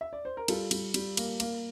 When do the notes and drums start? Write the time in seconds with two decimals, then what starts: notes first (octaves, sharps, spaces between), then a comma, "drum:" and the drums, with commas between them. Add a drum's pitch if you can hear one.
0.01 E5
0.13 D5
0.25 C5
0.37 A#4
0.48 G3 F4 A4, drum: cymbal
0.71 G3, drum: cymbal
0.94 G3, drum: cymbal
1.17 A#3, drum: cymbal
1.40 A#3, drum: cymbal